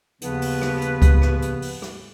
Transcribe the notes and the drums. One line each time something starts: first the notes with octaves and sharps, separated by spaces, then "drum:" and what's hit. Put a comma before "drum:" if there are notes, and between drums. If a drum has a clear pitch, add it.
D#2 C#3 F3 B3 B4, drum: hi-hat
drum: open hi-hat
drum: rim click
drum: hi-hat
drum: kick C#2, hi-hat
drum: rim click
drum: hi-hat
drum: open hi-hat
drum: rim click